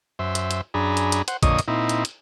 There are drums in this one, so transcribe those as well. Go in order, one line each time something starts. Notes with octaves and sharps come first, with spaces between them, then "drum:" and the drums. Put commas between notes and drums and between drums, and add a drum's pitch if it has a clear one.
F#2 C5 E5
drum: hi-hat
drum: hi-hat
F#2 D4 G#4 A#5 B5
drum: hi-hat
drum: hi-hat
C5 F#5, drum: hi-hat
F2 A#2 D3 C#5 D#5 D#6, drum: kick, hi-hat
drum: hi-hat
A#2 C4 D#4 E4
drum: hi-hat
drum: hi-hat